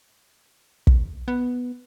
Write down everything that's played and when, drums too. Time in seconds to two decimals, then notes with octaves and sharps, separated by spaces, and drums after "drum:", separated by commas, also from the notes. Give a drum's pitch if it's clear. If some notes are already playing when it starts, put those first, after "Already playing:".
0.87 drum: kick
1.28 B3